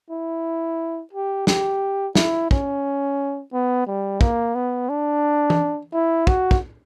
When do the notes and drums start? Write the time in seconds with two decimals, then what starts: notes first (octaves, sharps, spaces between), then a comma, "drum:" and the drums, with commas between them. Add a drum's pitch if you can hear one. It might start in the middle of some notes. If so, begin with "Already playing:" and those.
0.10 E4
1.13 G4
1.47 G4, drum: snare
2.15 E4, drum: snare
2.51 C#4, drum: kick
3.53 B3
3.87 G3
4.21 A#3, drum: kick
4.55 B3
4.89 D4
5.50 drum: tom
5.93 E4
6.27 F#4, drum: kick
6.51 drum: kick